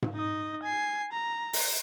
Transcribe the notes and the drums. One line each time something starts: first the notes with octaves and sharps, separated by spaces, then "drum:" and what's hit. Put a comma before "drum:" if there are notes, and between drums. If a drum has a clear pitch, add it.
drum: tom G#2
D#4 D#5
G#5 C7
A#5
drum: open hi-hat